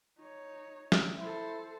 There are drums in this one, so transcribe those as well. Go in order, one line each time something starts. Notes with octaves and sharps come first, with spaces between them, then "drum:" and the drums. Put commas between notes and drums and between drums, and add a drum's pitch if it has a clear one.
D#4 C#5
drum: snare
E4 A4 C5